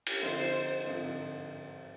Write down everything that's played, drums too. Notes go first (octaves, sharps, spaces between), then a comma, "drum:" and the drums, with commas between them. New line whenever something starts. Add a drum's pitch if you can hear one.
drum: cymbal
D3 F3 C4 D#4 C5
D3 F3 C4 D#4